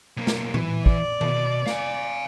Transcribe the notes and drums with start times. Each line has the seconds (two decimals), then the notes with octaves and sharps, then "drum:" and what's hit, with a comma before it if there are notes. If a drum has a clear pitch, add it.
0.17 B1 A#3
0.27 drum: snare
0.54 E3, drum: tom A2
0.86 D5, drum: kick
1.21 B2, drum: tom D#3
1.66 F5 G#5, drum: snare